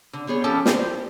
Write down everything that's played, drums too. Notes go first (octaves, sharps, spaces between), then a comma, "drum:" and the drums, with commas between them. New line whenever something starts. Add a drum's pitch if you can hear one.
D3
G3 B3 G#4 C#5
F3 C#4 G4 A4 G5 A5
G4 C5, drum: snare